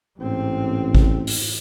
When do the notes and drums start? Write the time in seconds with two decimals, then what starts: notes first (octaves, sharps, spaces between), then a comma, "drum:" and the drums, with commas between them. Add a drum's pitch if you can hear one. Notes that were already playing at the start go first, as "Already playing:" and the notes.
0.19 A1 G#2 C4
0.95 drum: kick
1.27 drum: open hi-hat